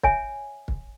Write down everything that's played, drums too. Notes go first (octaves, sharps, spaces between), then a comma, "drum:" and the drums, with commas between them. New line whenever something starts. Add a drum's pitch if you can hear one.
C#5 E5 G#5, drum: kick
drum: kick